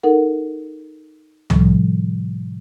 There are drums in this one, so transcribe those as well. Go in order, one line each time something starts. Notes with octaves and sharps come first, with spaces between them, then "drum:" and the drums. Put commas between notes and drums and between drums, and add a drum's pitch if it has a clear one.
D#4 A4 A#4 F#5
A2 C3 D#3 F3 G3, drum: tom